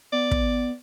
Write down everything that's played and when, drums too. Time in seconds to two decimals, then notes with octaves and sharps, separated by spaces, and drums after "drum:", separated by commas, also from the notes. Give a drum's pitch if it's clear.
0.12 B3 D5
0.31 drum: kick